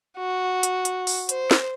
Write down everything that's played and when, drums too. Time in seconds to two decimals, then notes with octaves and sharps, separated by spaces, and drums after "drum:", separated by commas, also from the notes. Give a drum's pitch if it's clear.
0.18 F#4
0.63 drum: hi-hat
0.85 drum: hi-hat
1.07 drum: open hi-hat
1.29 C5, drum: hi-hat
1.51 drum: snare